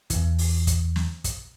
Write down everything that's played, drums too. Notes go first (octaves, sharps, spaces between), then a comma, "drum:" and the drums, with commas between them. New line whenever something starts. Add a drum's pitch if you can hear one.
E2 E3, drum: kick, hi-hat
drum: open hi-hat
drum: kick, hi-hat
drum: snare
drum: kick, hi-hat